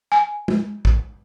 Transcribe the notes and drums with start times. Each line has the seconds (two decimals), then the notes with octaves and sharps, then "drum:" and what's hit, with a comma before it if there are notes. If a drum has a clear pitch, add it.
0.12 G#5
0.48 drum: tom
0.85 drum: kick